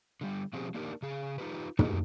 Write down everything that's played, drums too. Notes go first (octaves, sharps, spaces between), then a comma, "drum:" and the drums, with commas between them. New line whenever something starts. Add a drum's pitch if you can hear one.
D3 G3
B2 F3 C4 G4 G#4 C5
A#3 D4 D#4 G4 A#4
C#3 G#4
D#4 F4 G4 B4
A3 D#4 E4 F#4 G4 A#4, drum: tom